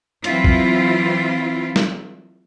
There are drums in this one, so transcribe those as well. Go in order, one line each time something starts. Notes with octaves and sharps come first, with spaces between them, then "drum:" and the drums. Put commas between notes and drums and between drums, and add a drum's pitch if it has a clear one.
E3 F#3 C4 E4 F4, drum: hi-hat
drum: kick
drum: snare